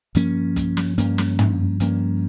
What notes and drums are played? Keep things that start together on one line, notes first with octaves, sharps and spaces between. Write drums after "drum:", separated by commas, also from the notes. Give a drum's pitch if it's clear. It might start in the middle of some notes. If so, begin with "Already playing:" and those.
G2 F3 A#3 C#4, drum: hi-hat
drum: kick, hi-hat
drum: snare
G2 F3 A#3 C#4, drum: hi-hat
drum: snare
drum: tom
G2 F3 A#3 C#4, drum: hi-hat